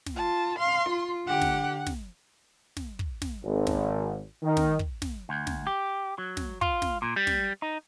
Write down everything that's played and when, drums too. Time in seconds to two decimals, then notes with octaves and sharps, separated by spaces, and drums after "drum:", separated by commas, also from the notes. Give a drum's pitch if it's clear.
0.06 drum: snare
0.16 F4 A5
0.59 F5 C6
0.89 F4
1.27 D3 G4 F#5
1.42 drum: snare
1.87 drum: snare
2.77 drum: snare
2.99 drum: kick
3.22 drum: snare
3.44 G#1
3.67 drum: snare
4.43 D#3
4.57 drum: snare
4.79 drum: kick
5.02 drum: snare
5.29 D2
5.47 drum: snare
5.67 G4
6.18 F#3
6.37 drum: snare
6.61 F4, drum: kick
6.82 drum: snare
7.02 A#2
7.16 G3
7.27 drum: snare
7.62 D#4